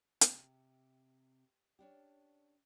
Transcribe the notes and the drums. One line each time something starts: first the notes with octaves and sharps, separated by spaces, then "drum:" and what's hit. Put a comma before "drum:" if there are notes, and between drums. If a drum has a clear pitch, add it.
C3, drum: hi-hat
C#4 D4 G4